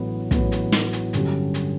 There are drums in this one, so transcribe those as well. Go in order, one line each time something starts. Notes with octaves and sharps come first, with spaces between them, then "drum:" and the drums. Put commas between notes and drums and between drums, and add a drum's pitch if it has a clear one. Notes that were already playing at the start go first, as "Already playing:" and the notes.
Already playing: A1 A2 F#3 B3
A1 A2 F#3 B3, drum: kick, hi-hat
drum: hi-hat
drum: snare
drum: hi-hat
G2 D3 F#3 C#4 G4, drum: hi-hat
drum: hi-hat